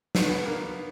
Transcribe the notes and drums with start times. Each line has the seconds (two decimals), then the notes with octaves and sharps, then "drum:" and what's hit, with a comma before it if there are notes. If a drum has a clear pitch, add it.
0.15 B3, drum: snare
0.29 B3
0.46 A#3